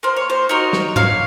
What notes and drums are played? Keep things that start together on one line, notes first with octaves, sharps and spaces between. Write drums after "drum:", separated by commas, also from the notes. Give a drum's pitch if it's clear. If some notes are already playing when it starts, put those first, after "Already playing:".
A#3 C5
C#5
C5
D#4 F#4 A#4 C#5
drum: snare
A#3 C#5 F5, drum: tom G#2